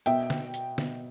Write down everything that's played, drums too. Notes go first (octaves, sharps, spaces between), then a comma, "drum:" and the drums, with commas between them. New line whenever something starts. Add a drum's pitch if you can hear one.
B2 E5 G5, drum: hi-hat
drum: snare
drum: hi-hat
B2, drum: snare